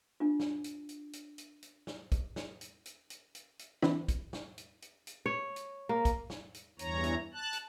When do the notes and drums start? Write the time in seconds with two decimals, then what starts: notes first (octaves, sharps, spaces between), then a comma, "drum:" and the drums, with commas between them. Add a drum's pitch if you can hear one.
0.20 D4 F4
0.40 drum: snare
0.64 drum: hi-hat
0.89 drum: hi-hat
1.13 drum: hi-hat
1.38 drum: hi-hat
1.63 drum: hi-hat
1.87 drum: snare
2.12 drum: kick, hi-hat
2.36 drum: snare
2.61 drum: hi-hat
2.85 drum: hi-hat
3.10 drum: hi-hat
3.35 drum: hi-hat
3.59 drum: hi-hat
3.82 D3 E3 C4 D4 E4 B5, drum: snare
4.08 drum: kick, hi-hat
4.33 drum: snare
4.58 drum: hi-hat
4.82 drum: hi-hat
5.07 drum: hi-hat
5.26 C#5
5.56 drum: hi-hat
5.89 A#3
6.05 drum: kick, hi-hat
6.30 drum: snare
6.54 drum: hi-hat
6.79 E2 G2 E3 C#5 A#5, drum: hi-hat
7.04 drum: hi-hat
7.33 A5 F#6
7.53 drum: hi-hat